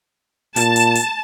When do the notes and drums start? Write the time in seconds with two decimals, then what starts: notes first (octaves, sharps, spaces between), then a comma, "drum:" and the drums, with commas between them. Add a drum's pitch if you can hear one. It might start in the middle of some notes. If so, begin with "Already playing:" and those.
0.56 A#2 A5, drum: hi-hat
0.76 drum: hi-hat
0.95 drum: hi-hat